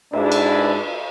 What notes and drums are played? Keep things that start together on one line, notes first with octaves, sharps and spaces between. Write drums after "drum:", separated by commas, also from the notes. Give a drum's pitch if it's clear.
G#2 D4 E4, drum: cymbal
drum: cymbal